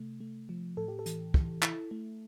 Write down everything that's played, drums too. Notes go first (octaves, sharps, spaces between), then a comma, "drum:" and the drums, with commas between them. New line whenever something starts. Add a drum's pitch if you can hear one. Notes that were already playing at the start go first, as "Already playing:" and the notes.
Already playing: C3 A3
A3
F3
A2 A4
G4
A4
E3, drum: hi-hat
E3, drum: kick
E4, drum: clap
A3